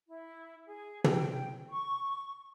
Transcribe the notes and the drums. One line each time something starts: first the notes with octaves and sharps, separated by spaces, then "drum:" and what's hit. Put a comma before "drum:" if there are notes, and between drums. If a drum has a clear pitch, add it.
E4
G#4
G5, drum: tom
C#6